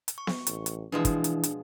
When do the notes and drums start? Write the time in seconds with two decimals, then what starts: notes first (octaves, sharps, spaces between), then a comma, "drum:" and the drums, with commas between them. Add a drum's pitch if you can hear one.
0.08 drum: hi-hat
0.18 C#6
0.27 drum: snare B3
0.47 A1, drum: hi-hat
0.66 drum: hi-hat
0.92 B2 E3 F3 G#3 D4
1.05 drum: kick, hi-hat
1.24 drum: hi-hat
1.43 drum: hi-hat